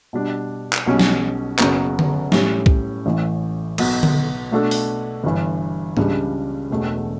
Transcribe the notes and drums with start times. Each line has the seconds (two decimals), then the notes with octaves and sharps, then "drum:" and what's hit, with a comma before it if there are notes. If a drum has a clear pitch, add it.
0.13 B2 G3 D4
0.73 drum: clap
0.86 B1 B2 G3 C#4
1.00 drum: snare
1.59 F#1 F#2 C#3 F#3 B3, drum: clap
1.99 drum: tom D3
2.32 A2 G3 C#4 G4, drum: snare
2.66 drum: kick C2
3.06 A1 A2 E3
3.78 B1 B2 F#3 B3 F#4, drum: cymbal
4.03 drum: tom D3
4.51 B2 A3 D4 F#4 A4
4.71 drum: open hi-hat
5.24 G1 G2 E3
5.97 C#2 C#3 G3 D4, drum: tom G#2
6.70 E1 E2 B2 A3